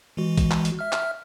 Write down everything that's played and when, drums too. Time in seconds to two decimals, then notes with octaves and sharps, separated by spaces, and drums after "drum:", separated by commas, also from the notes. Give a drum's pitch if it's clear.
0.17 E3 G#3 F#4
0.37 drum: kick A#1, hi-hat
0.51 drum: clap
0.65 drum: hi-hat
0.79 E5 F6
0.92 drum: clap